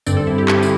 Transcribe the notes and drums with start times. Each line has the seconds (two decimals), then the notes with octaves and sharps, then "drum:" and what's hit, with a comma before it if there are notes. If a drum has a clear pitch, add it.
0.06 G2 D3 C4 D5, drum: tambourine
0.17 A4
0.27 E4
0.38 G4
0.48 A4, drum: clap
0.56 G4
0.63 E4, drum: tambourine